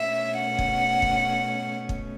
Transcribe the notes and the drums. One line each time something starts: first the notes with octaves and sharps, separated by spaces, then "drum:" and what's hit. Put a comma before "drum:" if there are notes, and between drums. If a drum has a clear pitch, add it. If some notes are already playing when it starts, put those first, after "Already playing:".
Already playing: B2 A3 C#4 E5
F#5
drum: kick
drum: kick
drum: kick